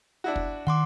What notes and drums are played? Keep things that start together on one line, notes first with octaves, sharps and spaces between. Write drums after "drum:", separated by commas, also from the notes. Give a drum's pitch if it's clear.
D4 E4 F#4
drum: kick
D#3 F#5 C6 D6